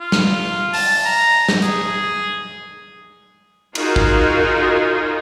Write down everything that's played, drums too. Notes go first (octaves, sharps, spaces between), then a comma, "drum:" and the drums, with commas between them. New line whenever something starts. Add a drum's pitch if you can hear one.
F4
drum: snare
A5, drum: open hi-hat
A#5
drum: snare
G#4, drum: hi-hat
D#4 F4 F#4 G#4 A#4 D#5, drum: cymbal
drum: kick